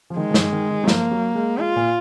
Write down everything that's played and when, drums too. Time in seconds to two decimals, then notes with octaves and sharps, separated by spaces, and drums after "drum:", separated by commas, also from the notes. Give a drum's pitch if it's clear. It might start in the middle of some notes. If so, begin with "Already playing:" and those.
0.10 F3
0.17 D#3 G#3
0.31 F3
0.34 D#3, drum: snare
0.53 D#3
0.70 D#3
0.84 F#3
0.88 F3 A#3, drum: snare
1.11 F#3
1.35 G#3
1.58 G#3 F4
1.76 A#2